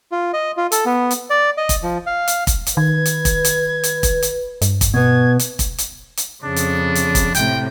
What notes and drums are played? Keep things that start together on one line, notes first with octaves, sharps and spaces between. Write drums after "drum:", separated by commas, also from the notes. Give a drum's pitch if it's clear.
F4
D#5
F4
A4, drum: hi-hat
B3
drum: hi-hat
D5
D#5
drum: kick, hi-hat
F3
F5
drum: hi-hat
drum: kick, hi-hat
drum: hi-hat
D#3 B4 G#6
drum: hi-hat
drum: kick, hi-hat
drum: hi-hat
drum: hi-hat
drum: kick, hi-hat
drum: hi-hat
G2, drum: hi-hat
drum: kick, hi-hat
B2 B3 G#6
drum: hi-hat
drum: kick, hi-hat
drum: hi-hat
drum: hi-hat
F2 C#3 D4
drum: hi-hat
drum: hi-hat
drum: kick, hi-hat
A2 C3 G5, drum: hi-hat